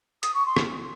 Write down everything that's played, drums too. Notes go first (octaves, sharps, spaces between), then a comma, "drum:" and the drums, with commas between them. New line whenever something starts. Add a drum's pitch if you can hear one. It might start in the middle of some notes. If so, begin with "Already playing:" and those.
D#6, drum: hi-hat
C#6
C6
drum: rim click